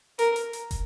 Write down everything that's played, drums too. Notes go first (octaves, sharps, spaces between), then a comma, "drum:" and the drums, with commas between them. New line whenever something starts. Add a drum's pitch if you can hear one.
A#4, drum: hi-hat
drum: hi-hat
drum: hi-hat
drum: kick, hi-hat